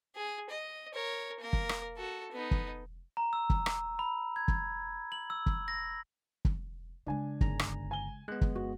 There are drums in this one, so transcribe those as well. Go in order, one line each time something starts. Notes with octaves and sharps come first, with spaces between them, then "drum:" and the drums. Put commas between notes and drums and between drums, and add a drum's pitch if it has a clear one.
G#4
D#5
A#4 C#5
A#3 A#4
drum: kick
drum: rim click
F#4 A4
B3 D#4
drum: kick
A#5
E6
drum: kick
drum: rim click
B5
G#6
drum: kick
F#7
E6
drum: kick
A#6
drum: kick
C#3 G#3 D4 G#5
G1 A#5, drum: kick
drum: rim click
G#5 G7
G#3 B3 F#6
drum: kick
F#2 F#4